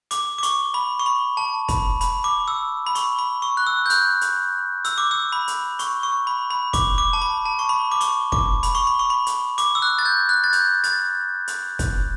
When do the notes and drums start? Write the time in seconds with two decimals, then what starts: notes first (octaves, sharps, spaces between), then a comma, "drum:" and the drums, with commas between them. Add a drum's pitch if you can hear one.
0.11 D6, drum: hi-hat
0.38 D6
0.43 C#6, drum: hi-hat
0.74 B5
0.99 C#6
1.06 B5
1.37 A5
1.69 B5, drum: kick, hi-hat
2.01 B5, drum: hi-hat
2.24 D6
2.48 E6
2.87 B5
2.95 C#6, drum: hi-hat
3.19 B5
3.42 C#6
3.57 F#6
3.67 E6
3.86 G6
3.90 F#6, drum: hi-hat
4.21 drum: hi-hat
4.85 E6, drum: hi-hat
4.98 D6
5.11 E6
5.32 B5
5.48 drum: hi-hat
5.79 C#6, drum: hi-hat
6.03 C#6
6.27 B5
6.50 B5
6.73 D6, drum: kick, hi-hat
6.98 D6
7.13 A5
7.22 B5
7.46 A5
7.59 C#6
7.69 B5
7.91 D6
8.01 C#6, drum: hi-hat
8.32 D6, drum: kick
8.63 B5, drum: hi-hat
8.75 C#6
8.87 B5
8.99 C#6
9.10 B5
9.27 drum: hi-hat
9.58 D6, drum: hi-hat
9.75 E6
9.82 F#6
9.99 A6
10.05 G6
10.29 F#6
10.44 A6
10.53 G6, drum: hi-hat
10.84 A6, drum: hi-hat
11.48 drum: hi-hat
11.79 drum: kick, hi-hat